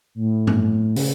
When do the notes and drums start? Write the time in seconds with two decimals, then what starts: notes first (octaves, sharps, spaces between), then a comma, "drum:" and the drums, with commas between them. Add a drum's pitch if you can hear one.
0.15 A2
0.47 drum: tom G2
0.96 C#3, drum: open hi-hat